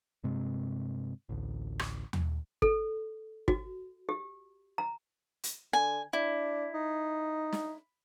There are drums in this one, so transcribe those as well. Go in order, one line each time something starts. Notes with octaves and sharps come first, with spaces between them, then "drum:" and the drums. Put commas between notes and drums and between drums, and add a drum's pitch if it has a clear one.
G2 C3 G#3 C4
A1 D2
drum: rim click
drum: tom
A4, drum: kick
F#4, drum: kick
G4
A#5
drum: hi-hat
D3 G#5
D4 E4
D#4
drum: snare